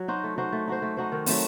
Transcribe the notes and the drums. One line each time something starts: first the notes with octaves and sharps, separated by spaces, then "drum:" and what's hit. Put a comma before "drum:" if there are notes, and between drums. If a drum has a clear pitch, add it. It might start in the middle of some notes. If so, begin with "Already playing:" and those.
Already playing: F#3
D#4 F#4 C5
A3
D#4 F#4 C5
A3
D#4 F#4 C5
A3
D#4 F#4 C5
D#3
F#3 A3 C4, drum: open hi-hat